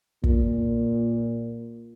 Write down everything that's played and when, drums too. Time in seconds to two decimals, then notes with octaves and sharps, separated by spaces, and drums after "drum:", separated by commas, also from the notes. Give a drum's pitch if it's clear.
0.24 A#2, drum: kick